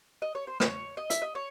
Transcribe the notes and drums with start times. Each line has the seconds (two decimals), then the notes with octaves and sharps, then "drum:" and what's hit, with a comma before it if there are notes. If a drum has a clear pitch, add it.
0.22 D#5
0.35 C#5
0.47 C5
0.60 C#5, drum: rim click
0.97 D#5
1.10 E5, drum: hi-hat
1.22 D#5
1.35 C#5